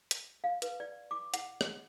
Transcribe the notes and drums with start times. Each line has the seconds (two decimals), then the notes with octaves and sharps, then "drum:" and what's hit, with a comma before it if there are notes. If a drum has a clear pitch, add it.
0.11 drum: hi-hat
0.44 F5
0.62 B4, drum: hi-hat
0.80 D5
1.11 D6
1.34 F#5, drum: hi-hat
1.61 drum: rim click